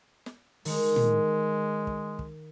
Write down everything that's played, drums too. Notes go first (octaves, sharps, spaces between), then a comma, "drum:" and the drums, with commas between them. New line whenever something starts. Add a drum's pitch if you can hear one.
drum: snare
D#3 G#3, drum: open hi-hat
drum: tom
drum: kick
drum: kick